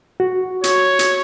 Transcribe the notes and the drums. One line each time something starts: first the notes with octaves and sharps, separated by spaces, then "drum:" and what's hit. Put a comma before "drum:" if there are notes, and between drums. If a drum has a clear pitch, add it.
F#4
C#5, drum: hi-hat
drum: hi-hat